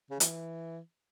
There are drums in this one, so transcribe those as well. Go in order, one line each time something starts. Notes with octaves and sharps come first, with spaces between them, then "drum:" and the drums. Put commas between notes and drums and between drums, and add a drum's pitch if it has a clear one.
C#3
E3, drum: hi-hat